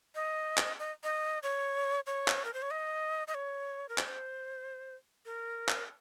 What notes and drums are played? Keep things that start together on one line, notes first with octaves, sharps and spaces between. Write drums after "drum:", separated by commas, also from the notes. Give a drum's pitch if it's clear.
D#5
drum: clap
D#5
D#5
C#5
C#5
drum: clap
A#4
C5
C#5
D#5
D#5
C#5
A#4
C5, drum: clap
A#4
drum: clap